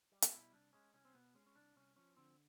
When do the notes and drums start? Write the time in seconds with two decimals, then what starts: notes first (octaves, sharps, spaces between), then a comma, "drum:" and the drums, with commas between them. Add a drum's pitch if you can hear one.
0.12 G3
0.22 drum: hi-hat
0.32 B2 E4
0.53 C2 D4
0.73 G#3 C#4
0.94 C2 C#4
1.05 C4
1.14 B2 B3
1.35 G#3 C#4
1.46 C#4
1.55 C2 D4
1.76 C2 C#4
1.96 F3 C#4
2.17 D3 C4